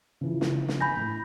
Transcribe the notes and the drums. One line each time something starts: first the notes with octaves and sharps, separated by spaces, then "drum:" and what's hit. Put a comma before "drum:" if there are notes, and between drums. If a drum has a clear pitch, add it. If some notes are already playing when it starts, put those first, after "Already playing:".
C#3 E3 F3
drum: snare
drum: snare
G#5 B5 G6 A#6
A2